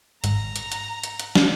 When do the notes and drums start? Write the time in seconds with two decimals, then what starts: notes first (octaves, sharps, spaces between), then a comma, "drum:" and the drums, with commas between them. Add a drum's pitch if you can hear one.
0.24 G#1 A#5, drum: hi-hat
0.56 drum: hi-hat
0.72 drum: hi-hat
1.04 drum: hi-hat
1.19 drum: hi-hat
1.35 drum: snare